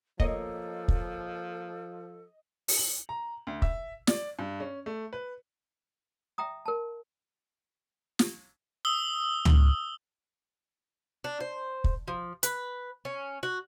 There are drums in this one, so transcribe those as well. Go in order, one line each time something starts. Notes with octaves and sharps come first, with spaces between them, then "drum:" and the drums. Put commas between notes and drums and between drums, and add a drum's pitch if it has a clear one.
F3 A#3 A4 C#5 D#5, drum: kick
drum: kick
drum: open hi-hat
F#7
A#5
D2
E5, drum: kick
D5, drum: snare
G2
C#4
A3
B4
E5 G5 A#5 D#6
A#4 A5
drum: snare
D#6 E6 G7
drum: tom C#2
D4
C5
drum: kick
F3
B4, drum: hi-hat
C#4
F#4